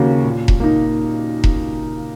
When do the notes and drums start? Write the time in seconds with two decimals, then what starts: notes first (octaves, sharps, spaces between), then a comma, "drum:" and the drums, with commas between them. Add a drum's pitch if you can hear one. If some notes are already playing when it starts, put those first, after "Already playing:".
Already playing: D#2 C#3 A#3 C#4 F#4
0.24 A#2
0.48 drum: kick E1
0.60 A#3 D#4
1.44 drum: kick E1